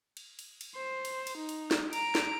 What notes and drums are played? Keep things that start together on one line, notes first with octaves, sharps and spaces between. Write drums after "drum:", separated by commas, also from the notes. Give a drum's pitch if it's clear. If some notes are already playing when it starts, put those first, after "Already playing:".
drum: cymbal
drum: cymbal
drum: cymbal
C5
drum: cymbal
drum: cymbal
D#4
drum: cymbal
drum: snare
A#5 D7, drum: cymbal
drum: snare